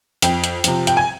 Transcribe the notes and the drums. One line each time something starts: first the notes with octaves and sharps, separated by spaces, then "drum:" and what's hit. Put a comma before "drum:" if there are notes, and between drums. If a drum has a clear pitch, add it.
F2 G5, drum: hi-hat
drum: hi-hat
C3 F3, drum: hi-hat
G5, drum: hi-hat
G#5